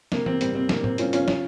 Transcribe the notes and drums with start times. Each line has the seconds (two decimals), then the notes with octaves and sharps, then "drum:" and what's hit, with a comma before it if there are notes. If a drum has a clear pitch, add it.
0.12 C3 A#3, drum: snare
0.26 C4, drum: tom E3
0.41 G3 C4, drum: hi-hat
0.55 C4
0.69 C3 A#3, drum: snare
0.84 C4, drum: tom A2
0.98 G3 C#4 F4, drum: hi-hat
1.13 C#4 F4, drum: hi-hat
1.28 C#3 C#4 F4, drum: snare